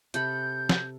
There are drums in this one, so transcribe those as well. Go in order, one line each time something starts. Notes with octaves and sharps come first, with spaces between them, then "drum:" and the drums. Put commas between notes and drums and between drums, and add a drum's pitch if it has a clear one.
C3 A4 B5 G6, drum: hi-hat
drum: snare